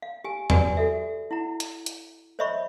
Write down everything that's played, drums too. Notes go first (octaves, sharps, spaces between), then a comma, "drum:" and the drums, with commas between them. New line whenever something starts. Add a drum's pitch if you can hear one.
F5
G4 G#5
F#4 G4 B4 D5 G#5, drum: tom E2
F#4 A4 E5
E4 F#5 A#5
drum: hi-hat
drum: hi-hat
C5 C#5 D#5 E5 B5 C#6